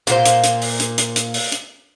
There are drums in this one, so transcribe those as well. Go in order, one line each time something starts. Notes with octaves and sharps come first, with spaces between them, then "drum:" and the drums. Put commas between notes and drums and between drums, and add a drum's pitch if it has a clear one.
A#2 A#3 F4 C5, drum: hi-hat
drum: hi-hat
drum: hi-hat
drum: open hi-hat
drum: hi-hat
drum: hi-hat
drum: hi-hat
drum: open hi-hat
drum: hi-hat